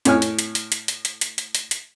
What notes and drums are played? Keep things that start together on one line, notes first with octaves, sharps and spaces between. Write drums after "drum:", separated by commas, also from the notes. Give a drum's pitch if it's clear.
A2 C#5 G#5 F6, drum: hi-hat
drum: hi-hat
drum: hi-hat
drum: hi-hat
drum: hi-hat
drum: hi-hat
drum: hi-hat
drum: hi-hat
drum: hi-hat
drum: hi-hat
drum: hi-hat